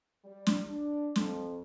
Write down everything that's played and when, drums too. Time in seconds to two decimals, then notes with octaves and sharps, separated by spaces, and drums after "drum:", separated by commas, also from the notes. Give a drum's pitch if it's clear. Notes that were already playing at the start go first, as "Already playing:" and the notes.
0.25 G3
0.46 drum: snare
0.68 D4
1.16 F2, drum: snare